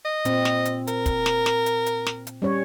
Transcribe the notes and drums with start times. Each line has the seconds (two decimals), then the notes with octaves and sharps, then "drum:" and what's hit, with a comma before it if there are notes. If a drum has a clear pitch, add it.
0.05 D#5
0.25 A#2 C4, drum: hi-hat
0.45 drum: snare
0.65 drum: hi-hat
0.87 A#4, drum: hi-hat
1.06 drum: kick, hi-hat
1.26 drum: snare
1.46 drum: snare
1.66 drum: hi-hat
1.86 drum: hi-hat
2.07 drum: snare
2.27 drum: hi-hat
2.42 G3 C#4 C#5